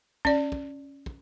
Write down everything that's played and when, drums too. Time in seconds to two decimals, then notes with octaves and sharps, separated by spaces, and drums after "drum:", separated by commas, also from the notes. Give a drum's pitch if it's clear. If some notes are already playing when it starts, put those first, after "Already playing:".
0.25 C#4 D5, drum: kick
0.52 drum: kick
1.06 drum: kick